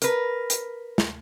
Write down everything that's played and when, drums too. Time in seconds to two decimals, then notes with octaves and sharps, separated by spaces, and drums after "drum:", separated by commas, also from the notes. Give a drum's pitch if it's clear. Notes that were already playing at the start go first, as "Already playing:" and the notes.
0.02 A#4 B4, drum: hi-hat
0.50 drum: hi-hat
0.98 drum: snare